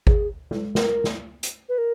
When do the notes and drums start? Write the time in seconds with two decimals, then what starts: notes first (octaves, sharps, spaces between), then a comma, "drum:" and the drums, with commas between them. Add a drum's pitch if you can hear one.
0.07 G#4, drum: kick G#1
0.51 drum: tom
0.75 A#4, drum: snare
1.04 drum: snare
1.43 drum: hi-hat
1.69 B4
1.78 A#4